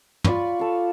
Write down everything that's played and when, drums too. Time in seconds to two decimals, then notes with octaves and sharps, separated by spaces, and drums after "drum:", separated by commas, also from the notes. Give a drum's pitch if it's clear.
0.24 F4 D5 B5 C#6, drum: tom
0.59 A4 F5